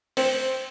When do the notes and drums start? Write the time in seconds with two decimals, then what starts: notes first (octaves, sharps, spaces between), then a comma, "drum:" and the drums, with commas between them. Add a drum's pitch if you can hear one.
0.17 C4, drum: open hi-hat